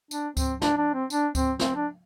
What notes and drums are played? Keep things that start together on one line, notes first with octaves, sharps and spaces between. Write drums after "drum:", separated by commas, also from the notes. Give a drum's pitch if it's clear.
D4, drum: tambourine
C4, drum: kick D2, tambourine
D4, drum: snare
D4
C4
D4, drum: tambourine
C4, drum: kick D2, tambourine
C4, drum: snare
D4